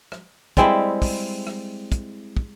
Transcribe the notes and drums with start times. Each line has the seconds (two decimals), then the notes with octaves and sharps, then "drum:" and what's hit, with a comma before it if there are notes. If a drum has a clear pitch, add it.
0.12 drum: rim click
0.57 G3 G#3 C4 E4, drum: kick, hi-hat
1.02 drum: kick, open hi-hat
1.47 drum: rim click
1.92 drum: kick, hi-hat
2.37 drum: kick